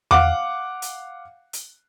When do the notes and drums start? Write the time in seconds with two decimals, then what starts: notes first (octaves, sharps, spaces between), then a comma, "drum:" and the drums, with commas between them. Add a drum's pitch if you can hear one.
0.11 F5 F#5 D6, drum: tom E2
0.82 drum: hi-hat
1.53 drum: hi-hat